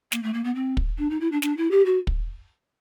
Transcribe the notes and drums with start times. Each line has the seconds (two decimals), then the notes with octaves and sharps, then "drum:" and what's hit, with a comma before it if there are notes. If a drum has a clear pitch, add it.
0.12 A#3, drum: snare
0.23 A3
0.33 A#3
0.44 B3
0.55 C4
0.77 drum: kick
0.98 D4
1.10 D#4
1.20 E4
1.32 D4
1.42 D4, drum: snare
1.57 E4
1.71 G4
1.85 F#4
2.07 drum: kick